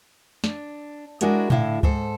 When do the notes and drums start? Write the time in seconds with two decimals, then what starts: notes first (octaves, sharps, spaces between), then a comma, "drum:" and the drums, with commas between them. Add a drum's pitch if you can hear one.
0.44 D4, drum: snare
1.21 G#3 D4 E4 F#4 G#4 A#4, drum: hi-hat
1.50 A2 D3 E4 F5, drum: tom A#2
1.83 G#2 A4 C5, drum: kick C#2